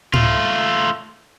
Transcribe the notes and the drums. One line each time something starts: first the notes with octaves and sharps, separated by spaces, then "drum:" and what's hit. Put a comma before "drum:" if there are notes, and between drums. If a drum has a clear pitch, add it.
A3 F4, drum: tom A2